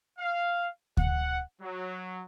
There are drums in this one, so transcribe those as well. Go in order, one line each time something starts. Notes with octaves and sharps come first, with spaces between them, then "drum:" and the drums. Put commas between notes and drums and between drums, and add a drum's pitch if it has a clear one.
F5
F#5, drum: kick D2
F#3